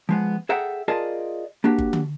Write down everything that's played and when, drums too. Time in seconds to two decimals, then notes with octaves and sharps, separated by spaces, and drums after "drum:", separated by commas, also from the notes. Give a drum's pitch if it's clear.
0.09 F3 G#3 B3
0.49 G#4 A4 E5 F#5 G5 A#5
0.88 F4 G#4 A#4 D5 D#5 A5
1.64 A#3 D4 F#4 G4
1.78 drum: kick G1
1.93 drum: tom D3